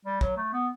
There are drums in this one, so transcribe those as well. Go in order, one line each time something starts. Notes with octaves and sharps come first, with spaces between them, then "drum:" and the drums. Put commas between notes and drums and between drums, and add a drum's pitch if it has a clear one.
G3
F#3, drum: kick
A3
B3